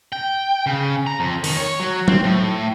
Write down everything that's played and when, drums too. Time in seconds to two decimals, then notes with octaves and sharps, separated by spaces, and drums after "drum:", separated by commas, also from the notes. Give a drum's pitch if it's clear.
0.12 G5
0.66 C#3
1.07 A#5
1.20 F2
1.44 D#3, drum: open hi-hat
1.57 C#5
1.80 F#3
2.08 C4, drum: tom F#3
2.24 A2